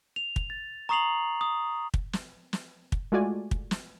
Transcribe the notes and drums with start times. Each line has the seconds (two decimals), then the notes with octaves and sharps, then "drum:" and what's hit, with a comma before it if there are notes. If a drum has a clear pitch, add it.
0.16 F7
0.36 drum: kick
0.50 A6
0.89 A#5 C#6 D#6 C7 F7 F#7
1.41 D#6
1.94 drum: kick
2.13 drum: snare
2.53 drum: snare
2.92 drum: kick
3.12 G#3 A3 F4 F#4 D5 G#5
3.51 drum: kick
3.71 drum: snare